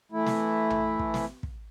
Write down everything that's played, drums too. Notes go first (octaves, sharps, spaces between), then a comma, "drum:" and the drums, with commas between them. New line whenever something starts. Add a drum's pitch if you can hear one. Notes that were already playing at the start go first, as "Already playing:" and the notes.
E3 A3 E4
drum: snare
drum: tom A#1
drum: kick
drum: snare
drum: kick